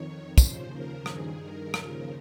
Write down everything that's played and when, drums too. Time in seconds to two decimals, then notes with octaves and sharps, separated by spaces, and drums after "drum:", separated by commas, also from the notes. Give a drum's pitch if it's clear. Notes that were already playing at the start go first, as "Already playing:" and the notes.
Already playing: F2 D#3 C#5
0.38 D#2 C#3 F3 C5, drum: kick, tambourine
0.72 A#4
1.06 G2 D#3 G#4, drum: rim click
1.40 A#4
1.74 D#2 C#3 F3, drum: rim click